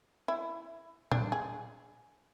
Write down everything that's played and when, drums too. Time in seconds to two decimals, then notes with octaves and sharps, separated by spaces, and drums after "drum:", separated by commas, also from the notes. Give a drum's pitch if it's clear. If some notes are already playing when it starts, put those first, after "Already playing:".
0.28 E4
1.12 D4, drum: tom A#2
1.32 G#4